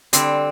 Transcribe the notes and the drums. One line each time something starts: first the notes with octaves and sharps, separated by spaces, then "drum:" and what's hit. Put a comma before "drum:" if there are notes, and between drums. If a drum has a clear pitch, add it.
D3 G3 C4, drum: hi-hat